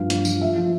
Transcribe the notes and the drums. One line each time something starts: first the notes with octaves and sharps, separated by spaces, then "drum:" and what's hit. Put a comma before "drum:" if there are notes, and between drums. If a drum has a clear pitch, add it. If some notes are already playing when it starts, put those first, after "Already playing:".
Already playing: G2 F3 F5
G2, drum: hi-hat
F3, drum: tambourine
F3 E5
F3